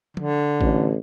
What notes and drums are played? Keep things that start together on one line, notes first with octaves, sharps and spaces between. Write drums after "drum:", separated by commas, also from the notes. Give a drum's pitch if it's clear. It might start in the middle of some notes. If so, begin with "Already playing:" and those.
D3, drum: tom F3
A1, drum: kick